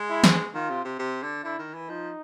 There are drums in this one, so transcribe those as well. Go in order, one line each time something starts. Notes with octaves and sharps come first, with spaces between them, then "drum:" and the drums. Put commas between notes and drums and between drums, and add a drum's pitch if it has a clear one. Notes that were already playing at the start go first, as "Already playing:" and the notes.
Already playing: G#3
E4
drum: snare
D#3 F4
C3
C3
C3
D3
D3 E4
D#3
E3
F3 D#4